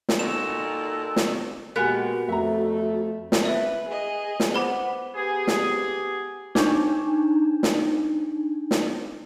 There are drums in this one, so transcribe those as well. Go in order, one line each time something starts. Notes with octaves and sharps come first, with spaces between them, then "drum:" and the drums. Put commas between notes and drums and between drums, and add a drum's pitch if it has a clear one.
drum: snare
A#2 D#4 F#4 A4 A#4 E7
drum: snare
A#2 G#3 B3 F#4 G4 A#4 F#5 G#5
F2 A3 E5 A#5
drum: snare
B4 E5
G#4 D#5
drum: snare
B3 C5 B5 D6
B3 G4 G#4
drum: snare
D4 D#4, drum: snare
drum: snare
drum: snare